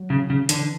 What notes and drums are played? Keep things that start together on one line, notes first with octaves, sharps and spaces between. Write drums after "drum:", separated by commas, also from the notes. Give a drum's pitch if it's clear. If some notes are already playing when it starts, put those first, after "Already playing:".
Already playing: F#3
C#3
C#3
F#3
D3 E3, drum: hi-hat